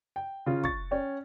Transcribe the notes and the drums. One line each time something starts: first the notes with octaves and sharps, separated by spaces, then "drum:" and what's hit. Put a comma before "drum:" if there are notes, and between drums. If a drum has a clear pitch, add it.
G5
C#3 F4
C#6 A6, drum: kick
C#4 G5